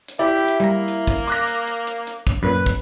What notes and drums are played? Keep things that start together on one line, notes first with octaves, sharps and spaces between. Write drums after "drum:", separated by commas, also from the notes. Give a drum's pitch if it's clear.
drum: hi-hat
E4 G4 D5
drum: hi-hat
G3 A#3 A#5
drum: hi-hat
drum: kick, hi-hat
D6 F#6 A#6, drum: hi-hat
drum: hi-hat
drum: hi-hat
drum: hi-hat
drum: hi-hat
drum: kick, hi-hat
F#2 A#2 B4
drum: kick, hi-hat